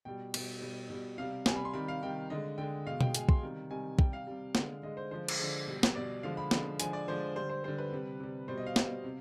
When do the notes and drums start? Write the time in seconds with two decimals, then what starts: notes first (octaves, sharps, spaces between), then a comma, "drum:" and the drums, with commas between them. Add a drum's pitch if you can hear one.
0.05 B2 G3 G5
0.34 B2 G3, drum: cymbal
0.62 B2 G3
0.90 B2 G3
1.18 C3 G3 F5
1.46 C3 G3 G#5, drum: snare
1.56 B5
1.65 C6
1.74 C3 D#3 G3 B5
1.88 F5
2.02 C3 D#3 G3 G5
2.30 D3 G#3 D#5
2.58 D3 G#3 G5
2.86 B2 G#3 F5
3.01 G5, drum: tom B2
3.15 B2 G#3 G#5, drum: hi-hat
3.29 C6, drum: kick B1
3.42 C3 D#3 G3
3.71 C3 D#3 G3 G#5
3.99 C3 G3 G5, drum: kick B1
4.13 F5
4.27 C3 G3
4.55 D3 G#3, drum: snare
4.83 D3 G#3 D#5
4.97 C5
5.11 D3 F3 G#3 C5
5.28 drum: cymbal
5.39 D3 F3 G#3
5.67 B2 G3
5.83 drum: snare
5.95 B2 G3 D5
6.23 D3 F3 G#3 F5
6.37 B5
6.51 D3 F3 G#3, drum: snare
6.80 D3 F3 G#3 G#5, drum: hi-hat
6.93 D5
7.08 D3 F3 G#3 C5
7.35 D3 G3 C5
7.49 C5
7.64 D3 G3 C5
7.78 B4
7.92 C3 G3
8.20 C3 G3
8.48 B2 G3 C5
8.58 D#5
8.66 F5
8.76 B2 G3, drum: snare
9.04 C3